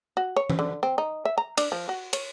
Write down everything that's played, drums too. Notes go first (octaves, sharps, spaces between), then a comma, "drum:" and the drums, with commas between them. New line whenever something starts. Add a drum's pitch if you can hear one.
F#4
C#5
drum: tom E3
D3
C4
D#4
E5
A#5
D4, drum: cymbal
F3
F#4
C#5, drum: cymbal